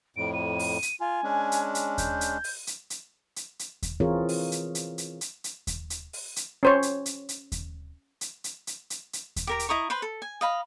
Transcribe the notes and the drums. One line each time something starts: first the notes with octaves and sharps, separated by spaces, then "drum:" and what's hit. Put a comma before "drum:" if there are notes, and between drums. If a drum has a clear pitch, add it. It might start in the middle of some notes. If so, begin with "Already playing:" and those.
F2 A2 D7
D#7
drum: open hi-hat
drum: hi-hat
F4 G#5
G#3 C#4 D4
drum: hi-hat
drum: hi-hat
G6, drum: kick D#2, hi-hat
drum: hi-hat
drum: open hi-hat
drum: hi-hat
drum: hi-hat
drum: hi-hat
drum: hi-hat
drum: kick D#2, hi-hat
E3 C4 F4 G#4 A#4 C#5
drum: open hi-hat
drum: hi-hat
drum: hi-hat
drum: hi-hat
drum: hi-hat
drum: hi-hat
drum: kick D#2, hi-hat
drum: hi-hat
drum: open hi-hat
drum: hi-hat
C#4 C5 C#5
drum: hi-hat
drum: hi-hat
drum: hi-hat
drum: kick D#2, hi-hat
drum: hi-hat
drum: hi-hat
drum: hi-hat
drum: hi-hat
drum: hi-hat
drum: kick D#2, hi-hat
G4 A#4 A#5
drum: hi-hat
E4 D#5 A#5 C#6
B4 C5 B5 C6
A4
G#5
D#5 F5 B5